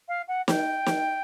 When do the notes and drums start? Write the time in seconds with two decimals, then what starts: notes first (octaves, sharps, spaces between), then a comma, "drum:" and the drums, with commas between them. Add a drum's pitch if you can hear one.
0.08 F5
0.28 F#5
0.48 G5, drum: snare
0.86 drum: snare